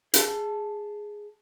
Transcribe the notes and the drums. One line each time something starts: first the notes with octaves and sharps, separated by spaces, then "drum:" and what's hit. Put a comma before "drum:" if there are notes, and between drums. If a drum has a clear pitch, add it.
G#4 A5, drum: hi-hat